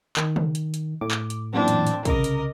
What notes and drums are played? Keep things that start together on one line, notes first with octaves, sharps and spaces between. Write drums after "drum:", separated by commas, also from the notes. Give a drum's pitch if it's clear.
D#3, drum: clap
drum: tom
drum: hi-hat
drum: hi-hat
A2 D6
drum: clap
drum: hi-hat
F#2 A#2 E3 C4 D4
drum: hi-hat
drum: hi-hat
C2 C#3 A#4 D#5 D6, drum: kick, hi-hat
drum: hi-hat